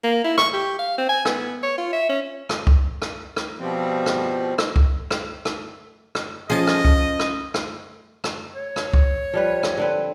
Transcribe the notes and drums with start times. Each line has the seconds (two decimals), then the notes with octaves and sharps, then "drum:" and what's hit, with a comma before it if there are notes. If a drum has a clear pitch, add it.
0.04 A#3
0.24 E4
0.38 C#6, drum: rim click
0.53 G4
0.79 F5
0.98 C4
1.09 G#5
1.25 B3, drum: rim click
1.63 C#5
1.78 F4
1.93 E5
2.09 C#4
2.49 drum: rim click
2.67 drum: kick C#2
3.02 drum: rim click
3.36 drum: rim click
3.59 B2 F3 G3 C4
4.06 drum: rim click
4.58 drum: rim click
4.76 drum: kick C#2
5.11 drum: rim click
5.45 drum: rim click
6.15 drum: rim click
6.50 F3 C#4 G#4 D#5 A5
6.67 drum: rim click
6.85 drum: kick C#2
7.19 drum: rim click
7.54 drum: rim click
8.24 drum: rim click
8.55 C#5
8.76 drum: rim click
8.93 drum: kick C#2
9.34 F3 G3 B4
9.63 drum: rim click
9.78 D3 C4 B4